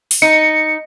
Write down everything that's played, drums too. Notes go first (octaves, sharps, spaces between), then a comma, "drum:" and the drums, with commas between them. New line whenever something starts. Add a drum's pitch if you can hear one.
drum: open hi-hat
D#4 C#7